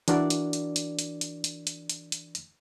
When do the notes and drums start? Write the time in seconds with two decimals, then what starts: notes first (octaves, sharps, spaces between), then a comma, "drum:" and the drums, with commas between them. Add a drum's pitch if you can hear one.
0.08 E3 D4 F#4 A#4 D5, drum: hi-hat
0.30 drum: hi-hat
0.53 drum: hi-hat
0.76 drum: hi-hat
0.99 drum: hi-hat
1.21 drum: hi-hat
1.44 drum: hi-hat
1.67 drum: hi-hat
1.89 drum: hi-hat
2.12 drum: hi-hat
2.35 drum: hi-hat